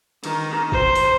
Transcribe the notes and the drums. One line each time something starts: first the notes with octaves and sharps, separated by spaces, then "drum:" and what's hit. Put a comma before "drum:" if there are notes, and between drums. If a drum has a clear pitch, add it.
D#3, drum: cymbal
C5, drum: kick
drum: open hi-hat